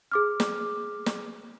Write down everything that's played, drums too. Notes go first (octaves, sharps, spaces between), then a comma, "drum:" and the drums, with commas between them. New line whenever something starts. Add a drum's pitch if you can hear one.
G#4 D6 F6
drum: snare
drum: snare